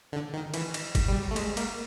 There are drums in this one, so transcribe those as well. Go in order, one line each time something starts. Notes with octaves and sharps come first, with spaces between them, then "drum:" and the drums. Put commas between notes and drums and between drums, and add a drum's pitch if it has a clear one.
D3
D#3
E3, drum: cymbal
drum: cymbal
drum: kick G1, cymbal
G3
A3
G#3, drum: cymbal
A#3, drum: cymbal